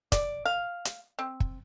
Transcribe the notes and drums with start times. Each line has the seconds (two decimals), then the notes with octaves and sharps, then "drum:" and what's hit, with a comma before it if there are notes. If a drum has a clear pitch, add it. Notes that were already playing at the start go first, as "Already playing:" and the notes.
0.12 D5, drum: kick, hi-hat
0.45 F5
0.85 drum: hi-hat
1.19 C4
1.40 drum: kick